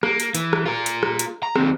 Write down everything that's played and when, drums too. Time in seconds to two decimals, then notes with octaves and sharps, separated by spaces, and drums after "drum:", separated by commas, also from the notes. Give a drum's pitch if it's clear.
0.03 A#3, drum: rim click
0.20 drum: hi-hat
0.35 E3, drum: hi-hat
0.53 drum: rim click
0.65 F4 A#4
0.86 drum: hi-hat
1.03 drum: rim click
1.19 drum: hi-hat
1.43 A#5
1.56 D#2 C4, drum: rim click